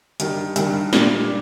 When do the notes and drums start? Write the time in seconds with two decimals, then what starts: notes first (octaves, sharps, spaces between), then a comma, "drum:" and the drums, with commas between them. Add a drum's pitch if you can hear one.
0.20 G2 D#3 G3, drum: hi-hat
0.56 G2 D#3 G3, drum: hi-hat
0.93 A#2 G3 D4, drum: snare